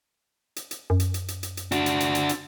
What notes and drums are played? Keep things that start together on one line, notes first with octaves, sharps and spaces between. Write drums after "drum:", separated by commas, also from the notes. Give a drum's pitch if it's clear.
drum: hi-hat
drum: hi-hat
F#2
drum: hi-hat
drum: hi-hat
drum: hi-hat
drum: hi-hat
drum: hi-hat
D4 F#4, drum: hi-hat
drum: hi-hat
drum: hi-hat
drum: hi-hat
drum: hi-hat